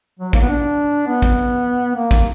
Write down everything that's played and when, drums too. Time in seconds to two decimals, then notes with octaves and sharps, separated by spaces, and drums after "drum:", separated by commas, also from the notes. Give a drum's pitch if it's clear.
0.20 F#3
0.33 A#3, drum: kick
0.41 B3
0.49 D4
1.08 B3
1.22 drum: kick
1.96 A#3
2.11 drum: kick